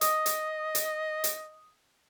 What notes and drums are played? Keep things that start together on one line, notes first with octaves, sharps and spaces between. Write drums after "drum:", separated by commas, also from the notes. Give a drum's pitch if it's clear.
D#5 D#6, drum: hi-hat
drum: hi-hat
drum: hi-hat
drum: hi-hat